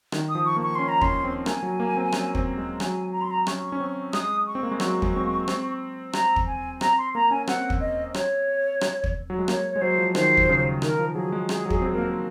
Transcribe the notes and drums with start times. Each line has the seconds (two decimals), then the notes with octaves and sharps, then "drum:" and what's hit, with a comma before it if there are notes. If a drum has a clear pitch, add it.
0.12 D#3, drum: rim click
0.29 D#6
0.35 F3
0.45 C#6
0.56 A#3
0.63 C#6
0.75 C#4 C6
0.88 A#5
1.01 C#4 C6, drum: kick
1.24 C4
1.46 A#3 G#5, drum: rim click
1.63 F#3
1.80 A#3
1.97 C4
2.12 C#4, drum: rim click
2.35 C4, drum: kick
2.58 G#3
2.80 F#3 G#5, drum: rim click
3.13 A#5
3.22 C6
3.31 A#5
3.47 C#4 C#6, drum: rim click
3.72 C#4
3.80 C4
4.13 G#3 D#6, drum: rim click
4.47 C#6
4.55 C4
4.63 A#3
4.71 G#3
4.80 F#3 C#6, drum: rim click
5.02 G#3, drum: kick
5.16 C4
5.24 A#3
5.48 C4, drum: rim click
6.13 A#5, drum: rim click
6.36 drum: kick
6.47 G#5
6.81 C4 A#5, drum: rim click
6.98 C6
7.15 A#3 A#5
7.31 C#4 G#5
7.47 C4 F#5, drum: rim click
7.70 drum: kick
7.81 D#5
8.14 C#5, drum: rim click
8.81 drum: rim click
9.04 drum: kick
9.30 F#3
9.39 G#3
9.48 A#3 C#5, drum: rim click
9.71 G#3 C#5
9.81 F#3 C5
9.98 F3
10.15 D#3 C5, drum: rim click
10.37 drum: kick
10.49 C#3
10.82 D#3 A#4, drum: rim click
10.99 F3
11.15 F#3 G#4
11.32 G#3
11.49 G#4, drum: rim click
11.66 F#3
11.70 G#4, drum: kick
11.82 C4
11.93 A#4
11.98 A#3